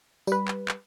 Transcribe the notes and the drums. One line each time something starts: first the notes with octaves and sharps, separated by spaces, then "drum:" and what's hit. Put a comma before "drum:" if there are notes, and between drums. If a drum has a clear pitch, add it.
G3 B4, drum: tambourine
drum: clap
drum: clap